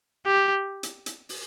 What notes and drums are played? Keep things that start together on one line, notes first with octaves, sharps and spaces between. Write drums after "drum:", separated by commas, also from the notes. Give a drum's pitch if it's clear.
G4
drum: hi-hat
drum: hi-hat
drum: open hi-hat